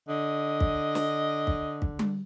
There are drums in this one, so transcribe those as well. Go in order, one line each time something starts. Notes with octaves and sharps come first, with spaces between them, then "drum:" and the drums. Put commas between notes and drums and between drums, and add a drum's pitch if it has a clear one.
D3 D#5
drum: kick
drum: snare
drum: kick
drum: kick
drum: tom G3